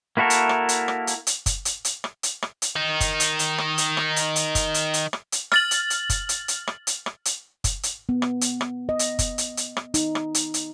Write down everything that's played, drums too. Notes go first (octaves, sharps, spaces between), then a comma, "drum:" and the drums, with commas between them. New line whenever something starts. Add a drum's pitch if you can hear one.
A#3 E4 F#4 A4 A#4
drum: hi-hat
drum: rim click
drum: hi-hat
drum: rim click
drum: hi-hat
drum: hi-hat
drum: kick, hi-hat
drum: hi-hat
drum: hi-hat
drum: rim click
drum: hi-hat
drum: rim click
drum: hi-hat
D#3 D#4
drum: kick, hi-hat
drum: hi-hat
drum: hi-hat
drum: rim click
drum: hi-hat
drum: rim click
drum: hi-hat
drum: hi-hat
drum: kick, hi-hat
drum: hi-hat
drum: hi-hat
drum: rim click
drum: hi-hat
F6 A6 F#7, drum: rim click
drum: hi-hat
drum: hi-hat
drum: kick, hi-hat
drum: hi-hat
drum: hi-hat
drum: rim click
drum: hi-hat
drum: rim click
drum: hi-hat
drum: kick, hi-hat
drum: hi-hat
B3
drum: rim click
drum: hi-hat
drum: rim click
D#5
drum: hi-hat
drum: kick, hi-hat
drum: hi-hat
drum: hi-hat
drum: rim click
D#4, drum: hi-hat
drum: rim click
drum: hi-hat
drum: hi-hat